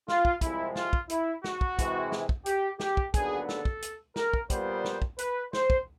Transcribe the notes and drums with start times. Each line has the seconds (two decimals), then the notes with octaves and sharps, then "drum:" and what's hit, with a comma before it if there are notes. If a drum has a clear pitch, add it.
0.08 F4, drum: snare
0.25 drum: kick
0.41 C2 C3 F3 G#3 E4, drum: kick, hi-hat
0.76 F4, drum: snare
0.93 drum: kick
1.10 E4, drum: hi-hat
1.44 F#4, drum: snare
1.61 drum: kick
1.79 C3 E3 G#3, drum: kick, hi-hat
2.12 drum: snare
2.29 drum: kick
2.46 G4, drum: hi-hat
2.80 G4, drum: snare
2.97 drum: kick
3.14 D#2 D3 F#3 B3 D4 G#4, drum: kick, hi-hat
3.49 A4, drum: snare
3.65 drum: kick
3.82 drum: hi-hat
4.16 A#4, drum: snare
4.34 drum: kick
4.50 A#2 G3 B3 C5, drum: kick, hi-hat
4.85 drum: snare
5.02 drum: kick
5.18 B4, drum: hi-hat
5.53 C5, drum: snare
5.70 drum: kick